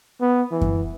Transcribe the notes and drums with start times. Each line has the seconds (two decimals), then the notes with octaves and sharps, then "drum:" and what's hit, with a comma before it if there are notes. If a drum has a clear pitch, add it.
0.21 B3
0.51 E3
0.61 drum: kick F#2